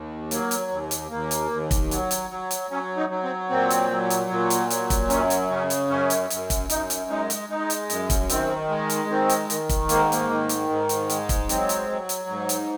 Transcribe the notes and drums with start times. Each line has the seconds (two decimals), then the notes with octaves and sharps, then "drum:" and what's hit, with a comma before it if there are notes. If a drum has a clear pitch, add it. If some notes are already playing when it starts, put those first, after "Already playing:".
Already playing: D#2
0.31 F#3 A#3, drum: hi-hat
0.51 drum: hi-hat
0.71 D#2
0.91 drum: hi-hat
1.10 D#2 A#3
1.31 drum: hi-hat
1.51 D#2
1.71 drum: kick, hi-hat
1.91 F#3, drum: hi-hat
2.11 drum: hi-hat
2.30 F#3
2.51 drum: hi-hat
2.71 F#3 C#4
2.97 D#4
3.10 F#3
3.23 C4
3.50 A#2 C4
3.70 drum: hi-hat
3.91 F#3
4.10 drum: hi-hat
4.30 A#2
4.50 drum: hi-hat
4.70 F#3, drum: hi-hat
4.90 drum: kick, hi-hat
5.10 F#2 C#4, drum: hi-hat
5.30 drum: hi-hat
5.50 C#3 C#4
5.70 drum: hi-hat
5.90 F#2 C#4
6.10 drum: hi-hat
6.30 F#2, drum: hi-hat
6.50 drum: kick, hi-hat
6.70 F#2 D#4, drum: hi-hat
6.90 drum: hi-hat
7.10 G#3 D#4
7.30 drum: hi-hat
7.50 G#3 D#4
7.70 drum: hi-hat
7.90 F#2, drum: hi-hat
8.10 drum: kick, hi-hat
8.29 D#3 C4, drum: hi-hat
8.69 G#3
8.90 drum: hi-hat
9.09 D#3 C4
9.29 drum: hi-hat
9.50 D#3, drum: hi-hat
9.69 drum: kick, hi-hat
9.89 G#2 A#3, drum: hi-hat
10.12 A#3, drum: hi-hat
10.30 D#3
10.49 drum: hi-hat
10.69 G#2
10.89 drum: hi-hat
11.10 G#3, drum: hi-hat
11.29 drum: kick, hi-hat
11.49 F#3 C4, drum: hi-hat
11.69 drum: hi-hat
11.90 F#3
12.09 drum: hi-hat
12.29 G#2
12.49 drum: hi-hat